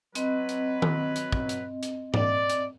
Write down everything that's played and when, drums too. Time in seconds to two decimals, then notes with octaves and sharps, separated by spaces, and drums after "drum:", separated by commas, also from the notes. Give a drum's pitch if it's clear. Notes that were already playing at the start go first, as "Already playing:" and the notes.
0.15 F#3 C4 B4 D#5, drum: hi-hat
0.49 drum: hi-hat
0.82 drum: tom D#3
1.16 drum: hi-hat
1.32 drum: kick
1.49 drum: hi-hat
1.83 drum: hi-hat
2.14 D5, drum: tom G#2
2.50 drum: hi-hat